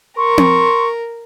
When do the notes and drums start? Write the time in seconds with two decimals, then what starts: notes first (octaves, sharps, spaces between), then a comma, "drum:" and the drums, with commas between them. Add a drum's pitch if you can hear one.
0.17 A#4 C6 C#6
0.38 drum: tom C4